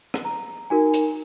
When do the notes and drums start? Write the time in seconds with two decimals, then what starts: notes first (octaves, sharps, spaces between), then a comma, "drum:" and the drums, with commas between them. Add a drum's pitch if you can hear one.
0.14 drum: rim click
0.25 A#5
0.70 D#4 F#4 A#4 G#5
0.94 drum: hi-hat